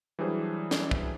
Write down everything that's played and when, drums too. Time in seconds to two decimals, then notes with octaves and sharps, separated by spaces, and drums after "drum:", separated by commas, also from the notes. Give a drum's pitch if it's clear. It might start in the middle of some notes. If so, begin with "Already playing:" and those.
0.19 E3 F#3 G3 D4 G#4 C5
0.71 drum: snare
0.91 drum: kick